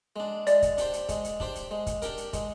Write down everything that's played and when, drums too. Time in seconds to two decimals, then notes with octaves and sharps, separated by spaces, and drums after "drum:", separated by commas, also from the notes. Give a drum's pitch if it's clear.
0.16 G#3 D4
0.47 G#3 D5, drum: hi-hat
0.62 drum: kick, hi-hat
0.78 D4 G4 C5, drum: hi-hat
0.93 drum: hi-hat
1.09 G#3, drum: kick, hi-hat
1.24 drum: hi-hat
1.40 D4 G4 C5, drum: kick
1.55 drum: hi-hat
1.71 G#3
1.86 drum: kick, hi-hat
2.02 D4 G4 A#4, drum: hi-hat
2.18 drum: hi-hat
2.33 G#3, drum: kick, hi-hat